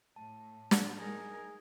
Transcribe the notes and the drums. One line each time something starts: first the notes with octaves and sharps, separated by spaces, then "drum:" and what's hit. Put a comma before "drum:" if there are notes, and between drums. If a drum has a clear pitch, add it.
A2 A5
drum: snare
D#4 G#4 A#4